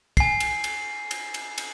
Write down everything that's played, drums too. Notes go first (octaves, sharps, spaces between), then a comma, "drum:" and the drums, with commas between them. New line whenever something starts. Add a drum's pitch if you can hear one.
G#5 C7, drum: kick, cymbal
drum: cymbal
drum: cymbal
drum: cymbal
drum: cymbal
drum: cymbal